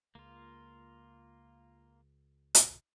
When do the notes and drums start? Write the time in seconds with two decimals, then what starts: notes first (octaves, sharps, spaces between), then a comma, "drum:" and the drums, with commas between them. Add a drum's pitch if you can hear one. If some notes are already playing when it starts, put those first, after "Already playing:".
0.15 C#2 A#3 F4
2.55 drum: hi-hat